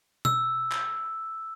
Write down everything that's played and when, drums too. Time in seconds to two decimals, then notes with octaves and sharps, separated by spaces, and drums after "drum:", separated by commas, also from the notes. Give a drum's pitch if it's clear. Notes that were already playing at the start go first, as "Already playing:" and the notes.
0.25 E6, drum: tom B2
0.72 drum: clap